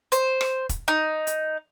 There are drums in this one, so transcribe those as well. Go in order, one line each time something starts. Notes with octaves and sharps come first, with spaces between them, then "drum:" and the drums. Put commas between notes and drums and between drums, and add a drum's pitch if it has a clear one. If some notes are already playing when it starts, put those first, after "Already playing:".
C5, drum: hi-hat
drum: rim click
drum: kick E1, hi-hat
D#4
drum: hi-hat